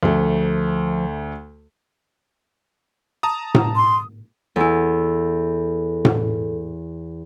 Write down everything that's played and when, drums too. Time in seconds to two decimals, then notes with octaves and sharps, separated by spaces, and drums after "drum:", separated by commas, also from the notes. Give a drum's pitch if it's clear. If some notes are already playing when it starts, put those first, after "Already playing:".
0.03 D2 F3 A3
3.23 A5 A#5 D#6
3.55 drum: tom A2
3.76 C6
4.56 E2 E4 A4
6.05 drum: tom A2